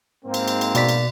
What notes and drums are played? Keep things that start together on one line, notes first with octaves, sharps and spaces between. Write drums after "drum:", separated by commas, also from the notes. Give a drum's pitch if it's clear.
G#2 A#3 C4
drum: cymbal
drum: cymbal
drum: cymbal
B2 D5 B6, drum: cymbal
drum: cymbal